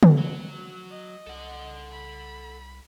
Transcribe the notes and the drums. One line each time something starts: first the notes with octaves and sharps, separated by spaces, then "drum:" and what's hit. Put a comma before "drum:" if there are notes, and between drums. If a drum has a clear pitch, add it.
drum: tom
F#3
D#5
C2 A4 F#5
B5